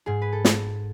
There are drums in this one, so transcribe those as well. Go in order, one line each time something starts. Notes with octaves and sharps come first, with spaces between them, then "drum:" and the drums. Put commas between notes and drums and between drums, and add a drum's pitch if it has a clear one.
G#2 G#4
B4
A4
drum: snare